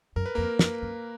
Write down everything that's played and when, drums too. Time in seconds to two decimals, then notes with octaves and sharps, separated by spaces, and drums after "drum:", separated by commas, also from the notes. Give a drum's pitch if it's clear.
0.16 F#2 A#4
0.26 B4
0.35 F2 A#3 A#4
0.59 F#2, drum: snare
0.82 F#2